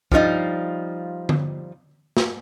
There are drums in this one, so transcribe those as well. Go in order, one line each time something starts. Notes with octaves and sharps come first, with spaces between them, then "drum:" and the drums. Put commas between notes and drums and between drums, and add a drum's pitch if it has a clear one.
F3 G3 G#3 D#4 F4, drum: kick
drum: tom D3
drum: snare